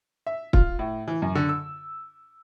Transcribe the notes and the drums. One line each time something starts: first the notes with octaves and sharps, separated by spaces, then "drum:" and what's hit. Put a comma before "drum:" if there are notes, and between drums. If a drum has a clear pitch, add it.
E5
F4, drum: kick
A2
E3
F#2
D3
E6